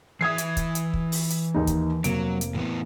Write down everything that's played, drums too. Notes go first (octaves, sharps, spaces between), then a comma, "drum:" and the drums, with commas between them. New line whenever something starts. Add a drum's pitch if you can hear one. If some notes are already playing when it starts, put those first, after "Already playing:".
E3 E5 D#6 G#6 C7
drum: hi-hat
drum: kick, hi-hat
drum: hi-hat
drum: kick
drum: open hi-hat
drum: hi-hat
D#2 D#4
drum: kick, hi-hat
F1 F#3 A#3 D7, drum: hi-hat
drum: hi-hat
A2 E3 B3